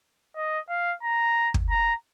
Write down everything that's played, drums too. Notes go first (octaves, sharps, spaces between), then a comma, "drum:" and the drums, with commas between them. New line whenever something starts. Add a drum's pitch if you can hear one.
D#5
F5
A#5
drum: kick
A#5